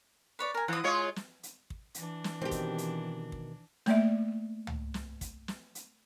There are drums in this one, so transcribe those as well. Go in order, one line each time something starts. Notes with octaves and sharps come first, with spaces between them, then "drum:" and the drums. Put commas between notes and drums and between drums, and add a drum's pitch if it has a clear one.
B4 C#5 D5
A#4 G#5
E3 F#5 D#6
G#3 F4 C#5
drum: snare
drum: hi-hat
drum: kick
E3 D4, drum: hi-hat
drum: snare
B2 D#3 C4 G4
drum: kick, hi-hat
drum: hi-hat
drum: kick
A3 A#3 D5 E5, drum: snare
drum: tom C#2
drum: snare
drum: kick, hi-hat
drum: snare
drum: hi-hat